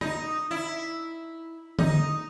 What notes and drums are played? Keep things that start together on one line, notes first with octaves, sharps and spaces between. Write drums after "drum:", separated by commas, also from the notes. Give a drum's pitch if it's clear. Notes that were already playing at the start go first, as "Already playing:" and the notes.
D#4, drum: rim click
E4
D#4, drum: tom D3